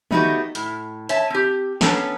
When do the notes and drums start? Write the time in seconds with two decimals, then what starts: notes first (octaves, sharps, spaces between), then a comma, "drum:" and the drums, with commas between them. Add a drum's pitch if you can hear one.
0.11 A3 B3 D#4 E4 F#4 G4, drum: tom
0.55 A2, drum: hi-hat
1.09 C#5 E5 A5, drum: hi-hat
1.30 C4 G4
1.81 B3 C#4 D4 A4 A5 A#5, drum: snare